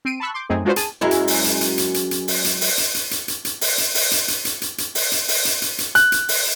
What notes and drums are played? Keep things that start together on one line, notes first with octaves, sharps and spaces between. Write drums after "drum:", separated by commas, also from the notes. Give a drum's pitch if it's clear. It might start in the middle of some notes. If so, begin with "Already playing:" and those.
C4 C7 D7 D#7
A5 B5 C#6 E6 F#6
C6 D6 G6
F#2 A3 C4 D#4 G#4
G#3 D4 F4 F#4 B4 C5
G#4 A5 D#7, drum: hi-hat
F#2 G#3 E4
drum: hi-hat
drum: open hi-hat
drum: hi-hat
drum: hi-hat
drum: hi-hat
drum: hi-hat
drum: hi-hat
drum: open hi-hat
drum: hi-hat
drum: open hi-hat
drum: hi-hat
drum: hi-hat
drum: hi-hat
drum: hi-hat
drum: hi-hat
drum: open hi-hat
drum: hi-hat
drum: open hi-hat
drum: hi-hat
drum: hi-hat
drum: hi-hat
drum: hi-hat
drum: hi-hat
drum: open hi-hat
drum: hi-hat
drum: open hi-hat
drum: hi-hat
drum: hi-hat
drum: hi-hat
F#6, drum: hi-hat
drum: hi-hat
drum: open hi-hat